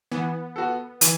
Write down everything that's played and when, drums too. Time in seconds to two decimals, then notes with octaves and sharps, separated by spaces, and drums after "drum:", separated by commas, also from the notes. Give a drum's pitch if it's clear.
0.12 E3 B3
0.56 B3 F#4 A4
1.01 E3, drum: hi-hat